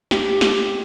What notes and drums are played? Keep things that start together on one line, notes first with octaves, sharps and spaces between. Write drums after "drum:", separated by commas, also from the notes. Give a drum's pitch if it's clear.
G4, drum: snare
drum: snare